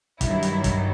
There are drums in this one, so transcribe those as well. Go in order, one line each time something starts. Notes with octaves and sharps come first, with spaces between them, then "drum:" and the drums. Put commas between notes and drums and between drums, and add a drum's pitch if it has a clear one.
G2 D#3 F#3 E4, drum: kick, hi-hat
drum: hi-hat
drum: kick, hi-hat